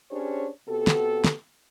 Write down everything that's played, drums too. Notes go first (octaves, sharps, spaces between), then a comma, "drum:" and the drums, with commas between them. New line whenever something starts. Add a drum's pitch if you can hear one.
C#4 D4 G4 G#4 C5 C#5
C3 B3 F#4 G4 A4
drum: snare
drum: snare